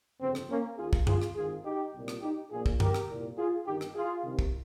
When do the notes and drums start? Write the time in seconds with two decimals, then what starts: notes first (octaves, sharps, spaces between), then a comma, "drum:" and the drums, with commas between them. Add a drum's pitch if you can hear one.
0.20 G1 F2 C#3 C4
0.35 drum: rim click
0.50 A#3 C#4
0.78 D#2 D#3 F4 G#4
0.93 drum: kick
1.07 F4 G#4, drum: tom F#2
1.22 drum: rim click
1.36 G#1 G#2 D#3 F4 G#4
1.65 D#4 G4
1.94 C2 A#2
2.08 drum: rim click
2.22 D#4 G4
2.51 A#1 A#2 F4 G#4
2.66 drum: kick
2.80 G4 A#4, drum: tom F#2
2.95 drum: rim click
3.09 C2 A#2
3.38 F4 G#4
3.67 G1 G2 D#3 D#4 G4
3.81 drum: rim click
3.95 F4 G#4
4.24 C2 C3 D#3
4.39 drum: kick